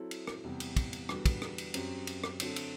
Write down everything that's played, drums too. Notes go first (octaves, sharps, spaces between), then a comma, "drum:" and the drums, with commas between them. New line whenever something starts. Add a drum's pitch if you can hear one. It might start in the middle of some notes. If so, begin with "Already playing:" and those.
Already playing: F#3 C4 E4 A4
drum: cymbal
drum: rim click
E2 C3 G3
drum: cymbal
drum: kick, cymbal
drum: cymbal
E2 D3 G3 B3 F#4, drum: rim click
drum: kick, cymbal
drum: rim click
drum: cymbal
F#2 F#3 C4 G4, drum: cymbal
drum: cymbal
drum: rim click
D3 F#3 C4 F#4 A4, drum: cymbal
drum: cymbal